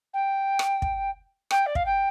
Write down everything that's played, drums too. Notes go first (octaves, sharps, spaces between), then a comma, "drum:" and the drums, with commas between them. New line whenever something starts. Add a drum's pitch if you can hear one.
G5
drum: rim click
drum: kick
G5, drum: rim click
D5
F5, drum: kick
G5